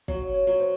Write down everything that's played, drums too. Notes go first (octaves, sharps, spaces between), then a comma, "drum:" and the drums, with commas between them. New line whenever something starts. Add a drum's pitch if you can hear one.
F#3 C#5, drum: kick
C#5
F#3
C5